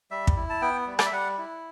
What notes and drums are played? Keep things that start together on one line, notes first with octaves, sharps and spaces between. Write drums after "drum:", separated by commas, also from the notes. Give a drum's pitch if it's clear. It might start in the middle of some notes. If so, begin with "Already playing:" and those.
G3 E5
drum: kick
E4
A5
B3 G5
G3
D5, drum: rim click
E5
G3 F#5
E4